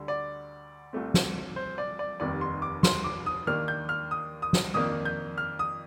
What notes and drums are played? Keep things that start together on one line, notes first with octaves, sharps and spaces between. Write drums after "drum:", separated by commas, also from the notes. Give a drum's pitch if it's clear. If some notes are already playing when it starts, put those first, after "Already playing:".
Already playing: D2 D3 G3
D5
C2 A#2 A3 C4
drum: snare
C5
D5
D5
F1 D#2 D#3 G3 C4 D5
C6
D6
C6, drum: snare
D6
D#6
D#2 D#3 A#3 D4 F6
G6
F6
D#6
D#6
drum: snare
F2 D#3 A#3 D4 D#6
G6
F6
D#6